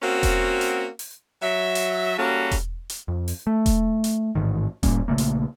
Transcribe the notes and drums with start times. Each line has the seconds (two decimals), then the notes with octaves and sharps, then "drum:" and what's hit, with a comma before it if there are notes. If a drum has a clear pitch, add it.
0.03 A#3 C4 C#4 F#4
0.23 drum: kick E1, hi-hat
0.61 drum: hi-hat
0.99 drum: open hi-hat
1.42 F#3 E5
1.75 drum: hi-hat
2.17 G3 A#3 C#4 F#4 A4
2.51 drum: kick E1, hi-hat
2.90 drum: hi-hat
3.08 F2
3.28 drum: open hi-hat
3.47 A3
3.66 drum: kick E1, hi-hat
4.04 drum: hi-hat
4.35 A1 G#2 D#3
4.83 A2 G3 A#3 C#4, drum: kick E1, hi-hat
5.08 A#1 C#3 A3 A#3
5.18 drum: hi-hat